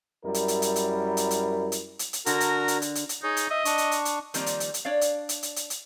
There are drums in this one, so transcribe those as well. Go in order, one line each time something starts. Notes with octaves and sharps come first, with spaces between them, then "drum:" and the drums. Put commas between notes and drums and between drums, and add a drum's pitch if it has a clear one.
F#2 G3 E4 A#4
drum: hi-hat
drum: hi-hat
drum: hi-hat
drum: hi-hat
drum: hi-hat
drum: hi-hat
drum: hi-hat
drum: hi-hat
drum: hi-hat
D3 F#4 A#4 A#5, drum: hi-hat
drum: hi-hat
drum: hi-hat
drum: hi-hat
drum: hi-hat
drum: hi-hat
D#4 G#4 C#5
drum: hi-hat
D#5 E5
D4 C#6, drum: hi-hat
drum: hi-hat
drum: hi-hat
drum: hi-hat
D#3 F3 G3 A#3 C4 D#4, drum: hi-hat
drum: hi-hat
drum: hi-hat
drum: hi-hat
D4 C#5 D5 F5
drum: hi-hat
drum: hi-hat
drum: hi-hat
drum: hi-hat
drum: hi-hat